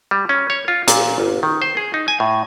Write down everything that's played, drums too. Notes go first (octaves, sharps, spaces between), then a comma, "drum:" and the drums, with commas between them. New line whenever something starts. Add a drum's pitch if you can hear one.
G3
C#4
C#5
F4
A#2, drum: hi-hat
G1
D#3
C5
G#4
D#4
G#5
A2